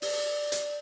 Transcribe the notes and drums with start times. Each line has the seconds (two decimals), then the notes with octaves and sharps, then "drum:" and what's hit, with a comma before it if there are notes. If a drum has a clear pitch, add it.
0.02 D5, drum: open hi-hat
0.52 drum: hi-hat